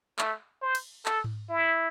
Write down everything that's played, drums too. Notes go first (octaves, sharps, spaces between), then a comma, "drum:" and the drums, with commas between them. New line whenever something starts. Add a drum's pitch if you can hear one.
A3, drum: clap
C5
drum: cymbal
A4, drum: clap
drum: tom G#2
E4